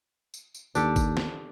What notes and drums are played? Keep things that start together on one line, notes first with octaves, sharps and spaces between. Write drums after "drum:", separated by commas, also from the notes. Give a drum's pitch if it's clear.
drum: tambourine
drum: tambourine
D#2 D4 G4 A4, drum: tambourine
drum: kick G#1, tambourine
drum: snare